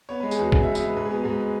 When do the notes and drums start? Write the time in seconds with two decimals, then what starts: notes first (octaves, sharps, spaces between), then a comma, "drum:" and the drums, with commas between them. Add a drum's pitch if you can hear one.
0.09 B3 C#5
0.20 G#3 B4
0.31 G#4, drum: tambourine
0.39 E2 F#4
0.52 C#3 F#4, drum: kick
0.63 E5
0.68 B3
0.75 E5, drum: tambourine
0.82 G#3 B4
0.96 G#2 B4
1.05 G#4
1.10 B3 F#4
1.23 G#2 G#4
1.40 G#3